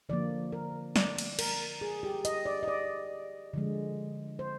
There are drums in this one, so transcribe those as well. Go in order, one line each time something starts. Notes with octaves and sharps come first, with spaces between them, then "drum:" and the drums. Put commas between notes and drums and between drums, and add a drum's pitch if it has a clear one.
D3 F3 A#3 D5
A#4
D5, drum: snare
drum: cymbal
A#4, drum: cymbal
G#4
G4
D#5, drum: hi-hat
D5
D#5
D5
D3 F3 G#3
C5